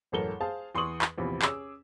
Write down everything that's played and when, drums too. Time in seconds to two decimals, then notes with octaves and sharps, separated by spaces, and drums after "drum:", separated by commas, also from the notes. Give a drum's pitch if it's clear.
0.12 E1 A1 F#2 A4 A#4 G7
0.40 G#4 C5 F5 A5
0.75 E2 C6 C#6 D#6 F#7
1.02 drum: clap
1.18 A#1 E2 C3 B5
1.42 C#4 G#4 D6 E6, drum: clap